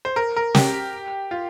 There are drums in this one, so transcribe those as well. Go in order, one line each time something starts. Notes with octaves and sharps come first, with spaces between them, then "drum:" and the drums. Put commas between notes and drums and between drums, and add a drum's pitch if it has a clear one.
C5
A#4
A#4
G4, drum: snare
F4